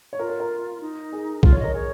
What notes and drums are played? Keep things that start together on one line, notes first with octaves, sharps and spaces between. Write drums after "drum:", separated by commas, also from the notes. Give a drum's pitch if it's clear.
C#5
F4 A#4
A#4
A#4
D#4
G#4
F4, drum: kick B1
C#5
A#4 D#5
G#4 C#5